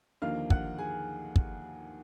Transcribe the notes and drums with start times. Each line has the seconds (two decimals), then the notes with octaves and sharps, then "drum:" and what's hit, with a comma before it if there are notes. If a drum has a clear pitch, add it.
0.22 D#2 D3 F3 A#3 D#4 F5 F6
0.50 F#5 F#6, drum: kick
0.79 G#4 G#5
1.36 drum: kick